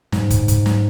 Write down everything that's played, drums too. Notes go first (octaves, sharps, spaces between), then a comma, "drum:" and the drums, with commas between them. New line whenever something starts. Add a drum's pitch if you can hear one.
G#2, drum: snare
drum: kick, hi-hat
drum: kick, hi-hat
drum: snare